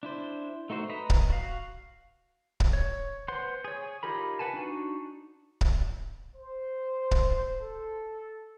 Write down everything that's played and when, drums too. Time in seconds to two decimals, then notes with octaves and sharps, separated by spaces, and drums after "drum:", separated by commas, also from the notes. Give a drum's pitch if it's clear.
0.03 D4 E4 C5
0.70 A3 D#4 F#4 C5
0.89 B4 D#5 A#5 B5
1.10 drum: kick C#1
1.30 F#4 F5
2.60 drum: kick C#1
2.73 C#5
3.28 B4 C5 F#5 C6
3.64 G#4 C#5
4.03 D#4 F4 G4 A#4 B5
4.39 B4 F#5 G#5 A5
4.54 D4 D#4 F#4
5.61 drum: kick C#1
6.36 C5
7.11 drum: kick C#1
7.61 A4